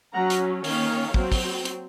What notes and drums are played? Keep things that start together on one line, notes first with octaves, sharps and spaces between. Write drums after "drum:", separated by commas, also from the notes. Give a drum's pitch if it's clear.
F#3 C#4 F#5 A#5
drum: hi-hat
D#3 A#3 C#4 C#5 F5, drum: open hi-hat
F#3 C4, drum: kick
drum: kick, open hi-hat
drum: hi-hat